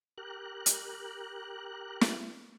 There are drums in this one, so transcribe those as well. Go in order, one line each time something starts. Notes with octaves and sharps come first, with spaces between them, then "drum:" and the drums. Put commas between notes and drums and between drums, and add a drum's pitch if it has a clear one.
G4 A#4 F#6
drum: hi-hat
drum: snare